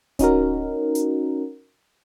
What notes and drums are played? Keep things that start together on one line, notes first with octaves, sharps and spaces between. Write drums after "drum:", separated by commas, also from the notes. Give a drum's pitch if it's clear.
C#4 D#4 F#4 A#4, drum: kick D1, hi-hat
drum: hi-hat